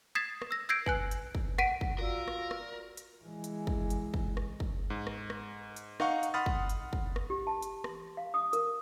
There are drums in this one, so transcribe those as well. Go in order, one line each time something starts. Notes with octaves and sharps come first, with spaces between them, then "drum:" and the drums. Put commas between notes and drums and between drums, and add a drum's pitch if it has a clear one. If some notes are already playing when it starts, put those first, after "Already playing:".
D#6 G#6 A6 B6 C7 E7
drum: rim click
E6 A#6
E6 G6 G#6 A#6 C7 D7
B4 G#5 F#6, drum: kick
drum: hi-hat
drum: kick
F#5 B6 D7 D#7, drum: rim click
drum: kick
F4 F#4 A#4 D5 E6
drum: rim click
drum: rim click
drum: hi-hat
E3 G#3
drum: hi-hat
drum: kick
drum: hi-hat
drum: kick
drum: rim click
drum: kick
G#2
drum: rim click
drum: rim click
drum: hi-hat
D#4 F5 F#5 C#6, drum: rim click
drum: hi-hat
F#5 B5 C6 D#6 F6 A6
drum: kick
drum: hi-hat
drum: kick
drum: rim click
G4
A5
drum: hi-hat
C6, drum: rim click
F5
D#6
A#4, drum: hi-hat